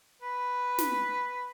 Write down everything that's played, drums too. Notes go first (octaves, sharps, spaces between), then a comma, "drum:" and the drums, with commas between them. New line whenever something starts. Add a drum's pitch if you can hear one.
B4
drum: snare